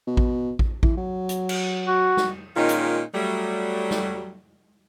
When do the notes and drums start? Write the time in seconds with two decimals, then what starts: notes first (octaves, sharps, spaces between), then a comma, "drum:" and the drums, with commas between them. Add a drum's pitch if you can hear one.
0.07 B2
0.17 drum: kick A1
0.59 drum: kick A1
0.83 E3, drum: kick A1
0.97 F#3
1.29 drum: hi-hat
1.49 drum: cymbal
1.87 F#4
2.17 drum: snare
2.56 A#2 D#3 G#3 C#4 D#4 F4
2.69 drum: hi-hat
3.14 F#3 G3 A3
3.91 drum: snare